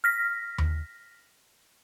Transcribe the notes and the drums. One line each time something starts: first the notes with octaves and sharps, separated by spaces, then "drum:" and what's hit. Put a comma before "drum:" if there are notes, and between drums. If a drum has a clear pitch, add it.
F6 A#6 B6
drum: tom D#2